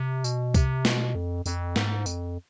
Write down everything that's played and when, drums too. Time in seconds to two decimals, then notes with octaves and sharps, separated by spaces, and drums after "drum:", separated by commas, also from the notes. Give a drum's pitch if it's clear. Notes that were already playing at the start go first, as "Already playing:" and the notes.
Already playing: C3
0.24 B2, drum: tambourine
0.54 C3, drum: kick C2, tambourine
0.85 B2, drum: snare
1.15 F2
1.46 F2, drum: tambourine
1.76 G#2, drum: snare
2.06 F2, drum: tambourine